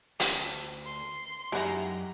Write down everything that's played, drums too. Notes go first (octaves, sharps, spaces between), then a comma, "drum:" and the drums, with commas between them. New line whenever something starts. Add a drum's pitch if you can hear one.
D2 C#4 G4, drum: hi-hat
C6
F#2 G#3 D#4 E4 G4 F#5 A#5